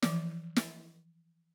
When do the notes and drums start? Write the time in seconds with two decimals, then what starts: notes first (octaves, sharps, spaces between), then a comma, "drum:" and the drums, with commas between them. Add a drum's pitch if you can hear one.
0.03 E3 F3, drum: snare
0.56 drum: snare